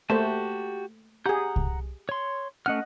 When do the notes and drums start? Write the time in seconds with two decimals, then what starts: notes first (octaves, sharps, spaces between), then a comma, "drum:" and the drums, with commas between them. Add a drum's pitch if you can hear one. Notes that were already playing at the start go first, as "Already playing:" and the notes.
0.10 A3 A#3 F#4 G4 C5 A5
1.26 G4 G#4 F#5 A#5 G6
1.56 drum: kick C2
2.09 C#5 C6
2.66 A3 C#4 D#5 F#5 F6